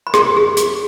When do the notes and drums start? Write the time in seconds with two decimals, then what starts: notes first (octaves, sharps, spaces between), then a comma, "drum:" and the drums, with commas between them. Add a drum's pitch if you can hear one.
0.07 B5
0.14 G#4 C6, drum: rim click
0.37 G#4
0.57 G#4, drum: hi-hat